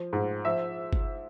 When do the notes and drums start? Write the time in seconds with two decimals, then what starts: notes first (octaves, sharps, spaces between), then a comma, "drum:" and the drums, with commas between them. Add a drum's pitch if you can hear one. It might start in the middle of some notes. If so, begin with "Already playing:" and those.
Already playing: F3
0.13 G#2
0.45 F3 E5
0.93 drum: kick